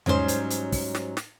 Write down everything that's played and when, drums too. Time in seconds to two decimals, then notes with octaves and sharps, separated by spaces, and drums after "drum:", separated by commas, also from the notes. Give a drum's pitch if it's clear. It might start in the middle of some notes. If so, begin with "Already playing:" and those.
0.06 G#2 F#3 G3 C#4 G4 C5, drum: tom E2
0.28 drum: hi-hat
0.50 drum: hi-hat
0.72 drum: kick, open hi-hat
0.95 drum: snare
1.17 drum: snare